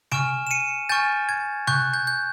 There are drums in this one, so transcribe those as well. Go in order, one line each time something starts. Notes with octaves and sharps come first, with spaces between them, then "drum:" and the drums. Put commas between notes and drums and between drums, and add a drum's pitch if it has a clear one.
G#5 C#6 F6 D7 E7, drum: tom C3
E7
C#7 D#7
G#5 C#6 F6 G6 A6
G#6
C#6 F#6 G6, drum: tom C3
G6
G6